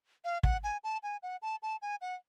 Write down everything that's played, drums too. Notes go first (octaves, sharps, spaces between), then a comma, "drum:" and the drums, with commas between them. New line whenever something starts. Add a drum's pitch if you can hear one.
F5
F#5, drum: kick
G#5
A5
G#5
F#5
A5
A5
G#5
F#5